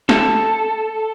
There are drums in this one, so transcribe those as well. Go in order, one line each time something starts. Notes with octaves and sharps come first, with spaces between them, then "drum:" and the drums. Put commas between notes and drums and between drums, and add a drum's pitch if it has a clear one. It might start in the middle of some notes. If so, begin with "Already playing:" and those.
A4, drum: snare